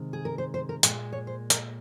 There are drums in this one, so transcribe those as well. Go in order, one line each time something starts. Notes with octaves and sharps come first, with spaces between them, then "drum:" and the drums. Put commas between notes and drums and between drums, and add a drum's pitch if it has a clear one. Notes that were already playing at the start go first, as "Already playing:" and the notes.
Already playing: C3 D#3 G#3
G#4
A#4
C5
C5
A#4
A#2 G#3 G#4, drum: hi-hat
C#5
C5
A#4, drum: hi-hat